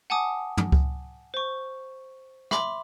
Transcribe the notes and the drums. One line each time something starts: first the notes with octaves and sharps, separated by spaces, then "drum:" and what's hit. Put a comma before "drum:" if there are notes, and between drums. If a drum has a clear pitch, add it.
F#5 G#5 A5 D6 D#6
drum: tom
drum: kick C#2
C5 C#6
E5 B5 C6 D6, drum: rim click